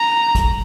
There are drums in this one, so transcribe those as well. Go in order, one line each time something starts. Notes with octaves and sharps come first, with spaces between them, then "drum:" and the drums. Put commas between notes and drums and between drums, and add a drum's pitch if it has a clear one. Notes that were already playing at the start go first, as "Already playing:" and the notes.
Already playing: A#5
drum: kick, hi-hat